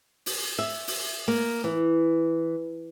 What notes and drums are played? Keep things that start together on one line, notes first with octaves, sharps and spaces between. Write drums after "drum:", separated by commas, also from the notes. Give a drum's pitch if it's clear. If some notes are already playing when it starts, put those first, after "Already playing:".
drum: open hi-hat
E5
drum: open hi-hat
A#3
E3